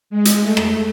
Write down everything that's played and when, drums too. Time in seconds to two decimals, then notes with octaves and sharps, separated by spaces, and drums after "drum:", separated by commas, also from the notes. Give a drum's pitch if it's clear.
0.10 G#3
0.25 drum: hi-hat
0.41 A3
0.57 drum: rim click